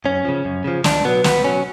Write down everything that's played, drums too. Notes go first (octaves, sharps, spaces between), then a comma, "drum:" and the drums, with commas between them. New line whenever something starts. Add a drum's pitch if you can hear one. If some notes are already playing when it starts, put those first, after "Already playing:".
F#2 C#4
C#3 F3
F#2
C#3 F3
C#2 D4, drum: snare
B2 F#3 B3
C#2 B3, drum: snare
B2 F#3 C#4